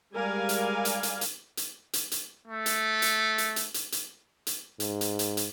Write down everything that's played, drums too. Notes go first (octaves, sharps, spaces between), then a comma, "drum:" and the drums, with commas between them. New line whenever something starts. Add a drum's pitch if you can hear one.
G3 G#3 A#4 D5 F5 G#5
drum: hi-hat
drum: hi-hat
drum: hi-hat
drum: hi-hat
drum: hi-hat
drum: hi-hat
drum: hi-hat
A3
drum: hi-hat
drum: hi-hat
drum: hi-hat
drum: hi-hat
drum: hi-hat
drum: hi-hat
drum: hi-hat
G#2, drum: hi-hat
drum: hi-hat
drum: hi-hat
drum: hi-hat